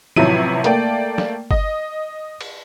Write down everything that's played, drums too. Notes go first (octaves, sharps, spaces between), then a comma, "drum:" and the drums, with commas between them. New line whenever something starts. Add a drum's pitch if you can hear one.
A1 C3 F3 F#3 E4 D#7, drum: tom D#3
A3 A#3 D5 G5, drum: hi-hat
drum: snare
D#5, drum: kick G1
drum: cymbal